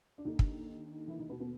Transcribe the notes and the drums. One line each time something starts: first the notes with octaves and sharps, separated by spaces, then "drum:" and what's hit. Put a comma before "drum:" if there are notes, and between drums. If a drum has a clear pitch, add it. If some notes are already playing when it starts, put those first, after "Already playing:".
D4
D#2 D3 D#3 D#4
drum: kick
E3 E4
D#3 D#4
B2 B3
B2 B3